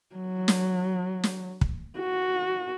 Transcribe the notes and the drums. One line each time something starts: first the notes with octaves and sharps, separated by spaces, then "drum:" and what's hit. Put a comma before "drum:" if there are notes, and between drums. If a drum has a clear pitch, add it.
F#3
drum: snare
drum: snare
drum: kick
F#4